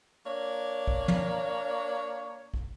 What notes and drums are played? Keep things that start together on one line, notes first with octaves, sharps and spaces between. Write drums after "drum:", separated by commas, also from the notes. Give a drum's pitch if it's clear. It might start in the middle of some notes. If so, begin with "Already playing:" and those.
A#3 D4 C#5
drum: kick
drum: tom
drum: kick